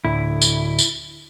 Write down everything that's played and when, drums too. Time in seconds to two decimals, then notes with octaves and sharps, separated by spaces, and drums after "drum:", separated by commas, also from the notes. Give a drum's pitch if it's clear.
0.05 D2 A2 D3 E4
0.42 drum: tambourine
0.79 drum: tambourine